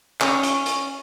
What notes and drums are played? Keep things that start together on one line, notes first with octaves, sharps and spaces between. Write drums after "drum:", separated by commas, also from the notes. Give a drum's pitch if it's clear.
C#4, drum: clap
drum: hi-hat
drum: hi-hat